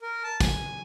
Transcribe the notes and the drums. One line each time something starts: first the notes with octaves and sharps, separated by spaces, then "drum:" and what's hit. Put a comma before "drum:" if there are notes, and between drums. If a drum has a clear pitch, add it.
A#4
A5
G#5, drum: kick, tambourine